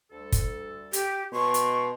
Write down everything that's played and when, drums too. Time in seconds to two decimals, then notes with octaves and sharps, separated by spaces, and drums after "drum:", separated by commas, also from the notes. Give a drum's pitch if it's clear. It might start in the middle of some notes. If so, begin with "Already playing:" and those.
0.12 D2 G3 A4
0.32 drum: kick, hi-hat
0.93 G4, drum: hi-hat
1.33 B2 C6 C#6
1.54 drum: hi-hat